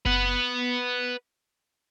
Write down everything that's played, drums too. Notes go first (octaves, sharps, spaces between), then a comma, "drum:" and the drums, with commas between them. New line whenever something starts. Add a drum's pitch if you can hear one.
B4 F#5, drum: kick F#1